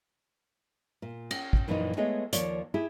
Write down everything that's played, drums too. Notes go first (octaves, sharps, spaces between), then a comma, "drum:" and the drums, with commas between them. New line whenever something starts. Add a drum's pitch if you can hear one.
A#2
C#4, drum: cymbal
drum: kick
F#2 A#2 E3 F3 D4 D#4
G#3 A3 B3 G#4 C#5 D#5
D#2 F3 C#5 D5, drum: hi-hat
E4 G4 G#4